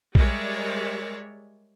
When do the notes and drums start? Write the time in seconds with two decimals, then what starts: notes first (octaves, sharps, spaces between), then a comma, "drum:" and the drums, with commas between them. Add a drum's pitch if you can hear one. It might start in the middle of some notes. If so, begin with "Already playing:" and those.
0.15 G3 G#3 A#4 C#5 D5 E5, drum: kick A#1